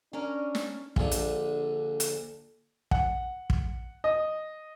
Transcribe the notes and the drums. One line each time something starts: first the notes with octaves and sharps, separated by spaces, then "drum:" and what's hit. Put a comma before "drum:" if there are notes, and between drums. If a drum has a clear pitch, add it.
C#4 D4 A#4
drum: snare
A#1 D3, drum: kick
drum: hi-hat
drum: hi-hat
F#5, drum: kick
drum: kick
D#5